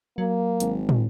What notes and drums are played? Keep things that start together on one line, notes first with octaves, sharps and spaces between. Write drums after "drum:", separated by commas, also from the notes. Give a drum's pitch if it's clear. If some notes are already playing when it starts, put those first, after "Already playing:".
F#3 A#3
G#1, drum: hi-hat
drum: tom